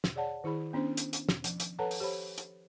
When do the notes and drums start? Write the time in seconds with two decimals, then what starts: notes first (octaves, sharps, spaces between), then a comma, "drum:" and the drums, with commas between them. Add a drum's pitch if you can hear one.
0.04 drum: snare
0.15 G#4 C#5 D5 F#5 A5
0.44 D#3 E4 G#4 B5
0.73 B3 C#4 D4 C5
0.97 drum: hi-hat
1.13 drum: hi-hat
1.29 drum: snare
1.44 F3, drum: hi-hat
1.60 drum: hi-hat
1.79 A4 B4 C#5 F#5 A5 A#5
1.91 drum: open hi-hat
2.00 G4 C5 C#5 B5
2.38 drum: hi-hat